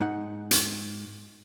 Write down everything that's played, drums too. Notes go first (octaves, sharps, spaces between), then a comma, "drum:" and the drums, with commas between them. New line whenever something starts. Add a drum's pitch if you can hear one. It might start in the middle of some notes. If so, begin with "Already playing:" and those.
G#2 D#4 F#5
drum: hi-hat